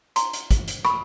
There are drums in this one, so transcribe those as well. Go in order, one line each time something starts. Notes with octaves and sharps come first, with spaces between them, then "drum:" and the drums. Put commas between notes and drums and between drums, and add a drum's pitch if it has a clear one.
A#5 C6, drum: hi-hat
drum: hi-hat
drum: kick, hi-hat
drum: hi-hat
B5 C#6, drum: rim click